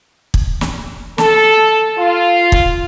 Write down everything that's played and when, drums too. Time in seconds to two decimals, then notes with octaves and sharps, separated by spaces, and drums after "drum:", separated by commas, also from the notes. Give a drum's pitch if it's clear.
0.34 drum: kick
0.61 drum: snare
1.18 A4, drum: snare
1.98 F4
2.52 drum: kick